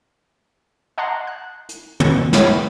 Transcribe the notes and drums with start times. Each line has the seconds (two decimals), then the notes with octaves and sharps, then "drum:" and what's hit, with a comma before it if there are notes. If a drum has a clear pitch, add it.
0.98 D#5 F#5 A5 A#5 C6 F#6
1.27 F#6
1.69 drum: hi-hat
2.00 B2, drum: tom
2.33 A#3 B3 C#4 B4 C#5 G5, drum: snare